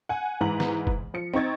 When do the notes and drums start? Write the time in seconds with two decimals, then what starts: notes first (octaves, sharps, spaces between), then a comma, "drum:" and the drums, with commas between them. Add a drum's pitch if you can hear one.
0.09 F#5 G#5
0.41 G#2 E3 B4 A#5 F#7
0.60 drum: snare
0.87 drum: kick
1.14 F3 C#7
1.34 C4 D#4 C#6 G#6 A6